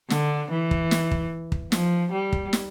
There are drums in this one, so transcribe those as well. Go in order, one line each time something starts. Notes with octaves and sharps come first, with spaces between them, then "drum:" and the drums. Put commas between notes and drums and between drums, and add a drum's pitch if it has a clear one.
D3, drum: snare
E3
drum: kick
drum: snare
drum: kick
drum: kick
F3, drum: snare
G3
drum: kick
drum: snare